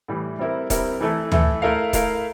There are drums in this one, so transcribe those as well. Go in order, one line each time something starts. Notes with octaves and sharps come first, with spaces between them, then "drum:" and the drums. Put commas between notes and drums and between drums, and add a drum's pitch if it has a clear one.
A2 E3 G3
G3 C4 E4 A#4
G3 C4 E4 A#4, drum: kick D#1, hi-hat
E3 A3 E4 A4
E3 A3 E4 A4, drum: tom
A3 E4 A#4 F5
A3 E4 A#4 F5, drum: kick D#1, hi-hat